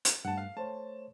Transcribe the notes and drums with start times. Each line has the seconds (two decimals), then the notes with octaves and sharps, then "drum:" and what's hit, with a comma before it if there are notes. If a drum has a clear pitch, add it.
0.05 drum: hi-hat
0.25 G2 A3 F#5 A5
0.38 F5
0.57 A3 C5 C#5 A5